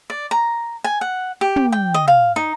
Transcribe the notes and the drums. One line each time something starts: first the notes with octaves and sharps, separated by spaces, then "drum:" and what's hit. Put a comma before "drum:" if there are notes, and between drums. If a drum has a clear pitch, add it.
D5
A#5
G#5
F#5
G4
drum: tom
G5
D#5
F5
D#4